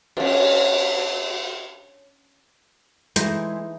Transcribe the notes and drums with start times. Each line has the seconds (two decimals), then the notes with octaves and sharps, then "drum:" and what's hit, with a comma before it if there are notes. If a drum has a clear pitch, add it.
0.17 C#4 D4, drum: cymbal
3.16 E3 G#3 A3 D#4 E4 C5, drum: hi-hat